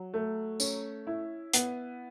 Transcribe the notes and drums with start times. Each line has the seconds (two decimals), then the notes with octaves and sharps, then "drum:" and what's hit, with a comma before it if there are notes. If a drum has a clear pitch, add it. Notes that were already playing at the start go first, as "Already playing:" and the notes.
Already playing: F#3
0.14 A3
0.60 C#4, drum: tambourine
1.07 E4
1.53 B3, drum: hi-hat